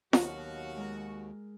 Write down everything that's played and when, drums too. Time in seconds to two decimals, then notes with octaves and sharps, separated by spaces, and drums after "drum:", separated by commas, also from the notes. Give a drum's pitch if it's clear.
0.13 D#2 B2 F#3 F#4 F5, drum: snare
0.77 G#3 A#4